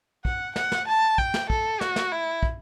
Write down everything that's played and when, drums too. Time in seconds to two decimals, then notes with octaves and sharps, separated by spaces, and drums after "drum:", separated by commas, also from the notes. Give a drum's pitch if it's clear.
0.25 F#5, drum: kick
0.56 F#5, drum: snare
0.72 drum: snare
0.88 A5
1.18 G5, drum: kick
1.34 drum: snare
1.50 A4, drum: kick
1.81 F#4, drum: snare
1.96 drum: snare
2.12 E4
2.43 drum: kick